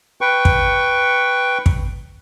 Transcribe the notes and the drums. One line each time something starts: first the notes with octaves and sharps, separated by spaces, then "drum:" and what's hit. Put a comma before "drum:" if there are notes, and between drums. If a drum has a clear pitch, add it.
B4 G5 C#6
drum: kick
drum: kick